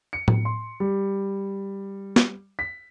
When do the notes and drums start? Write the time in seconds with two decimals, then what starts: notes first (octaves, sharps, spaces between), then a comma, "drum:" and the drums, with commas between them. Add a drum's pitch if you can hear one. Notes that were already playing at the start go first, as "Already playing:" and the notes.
0.13 C#7
0.28 drum: tom A2
0.45 C6
0.80 G3
2.16 drum: snare
2.59 B6